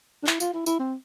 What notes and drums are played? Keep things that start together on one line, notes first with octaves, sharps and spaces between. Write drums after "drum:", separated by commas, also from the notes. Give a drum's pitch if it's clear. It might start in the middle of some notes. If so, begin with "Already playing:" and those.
D4
E4, drum: clap
F4, drum: tambourine
E4
E4, drum: tambourine
C4